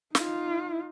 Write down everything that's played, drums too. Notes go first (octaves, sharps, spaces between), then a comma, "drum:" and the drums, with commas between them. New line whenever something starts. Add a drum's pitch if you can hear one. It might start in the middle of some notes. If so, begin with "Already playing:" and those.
D#4 F4, drum: snare